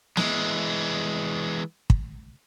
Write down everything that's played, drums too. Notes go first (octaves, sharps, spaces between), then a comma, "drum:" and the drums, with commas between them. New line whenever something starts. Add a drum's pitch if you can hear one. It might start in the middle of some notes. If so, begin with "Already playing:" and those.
E3 G#3, drum: snare
drum: kick